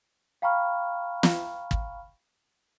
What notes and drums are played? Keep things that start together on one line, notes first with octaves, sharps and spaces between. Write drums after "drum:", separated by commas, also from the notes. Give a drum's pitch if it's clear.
F5 G5 A#5 B5 C#6 F6
drum: snare
drum: kick